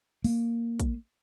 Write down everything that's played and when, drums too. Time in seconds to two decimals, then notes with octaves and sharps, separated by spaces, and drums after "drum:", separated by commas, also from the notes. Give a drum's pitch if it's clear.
0.24 A#3, drum: open hi-hat
0.80 drum: kick, hi-hat